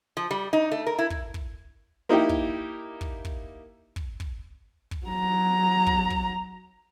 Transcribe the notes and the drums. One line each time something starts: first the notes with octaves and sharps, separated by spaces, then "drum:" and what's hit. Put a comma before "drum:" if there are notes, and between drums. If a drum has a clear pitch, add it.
F3
G3
D#4
A3
A#4
E4
drum: kick
drum: kick
A#3 D#4 E4 G4
drum: kick
drum: kick
drum: kick
drum: kick
drum: kick
drum: kick
F#3 A#5
drum: kick
drum: kick